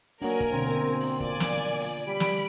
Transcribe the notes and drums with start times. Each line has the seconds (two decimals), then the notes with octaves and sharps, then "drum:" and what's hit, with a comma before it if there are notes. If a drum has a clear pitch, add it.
0.22 F#3 A#3 D4 A#4 G#5, drum: open hi-hat
0.40 drum: kick
0.52 B2 D3 C4 D4
1.00 drum: open hi-hat
1.20 A#2 D5 G#5, drum: kick
1.40 drum: snare
1.80 drum: open hi-hat
2.07 G3 B5 D7
2.20 drum: snare